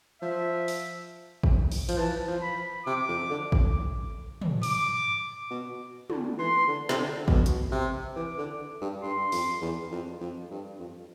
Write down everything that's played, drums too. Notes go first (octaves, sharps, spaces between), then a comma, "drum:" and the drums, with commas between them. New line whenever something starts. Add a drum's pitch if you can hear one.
F3 E5
drum: open hi-hat
drum: kick
drum: open hi-hat
F3, drum: cymbal
E3 A5
F3
B5
C3 D6
F2
D3
drum: kick
drum: tom
D6, drum: open hi-hat
B2
D3, drum: tom
E3 C6
D3
C3, drum: snare
D3
B2, drum: kick
drum: hi-hat
C3
E3 D6
D3
G2
G2 C6
F2, drum: open hi-hat
E2
F2
F2
G2
F2